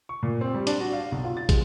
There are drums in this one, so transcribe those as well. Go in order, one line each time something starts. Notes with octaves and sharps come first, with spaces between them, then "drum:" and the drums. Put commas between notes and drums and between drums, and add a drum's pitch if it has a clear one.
C#6
A#2
C4
G3
D4, drum: hi-hat
F#4
F5
B1
F4
A6
G#3, drum: kick, hi-hat